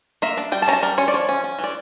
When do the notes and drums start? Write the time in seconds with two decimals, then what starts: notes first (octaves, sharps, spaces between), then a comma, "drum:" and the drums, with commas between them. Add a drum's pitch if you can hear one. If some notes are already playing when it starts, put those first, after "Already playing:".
0.22 A#3 E5
0.37 D4, drum: hi-hat
0.52 G3 G5
0.62 A5, drum: open hi-hat
0.68 C#4 A#5
0.73 A5
0.83 G3 A#4
0.98 C#4 C#5
1.08 D5
1.14 F3 C#5
1.29 C#4
1.44 C#4
1.59 E3
1.64 D5